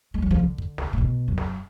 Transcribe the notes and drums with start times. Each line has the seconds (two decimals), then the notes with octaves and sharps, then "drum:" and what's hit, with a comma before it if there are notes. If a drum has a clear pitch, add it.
0.14 G#3
0.22 F#3
0.31 F3
0.39 D3
0.58 drum: kick
0.78 drum: snare
0.93 A2
0.98 B2
1.28 F#2
1.38 drum: snare